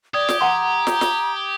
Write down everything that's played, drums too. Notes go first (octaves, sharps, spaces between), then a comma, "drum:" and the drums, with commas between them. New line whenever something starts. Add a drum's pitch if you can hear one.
G4 D5 D#6 G#6
drum: snare
F#5 A#5 C6
drum: snare
drum: snare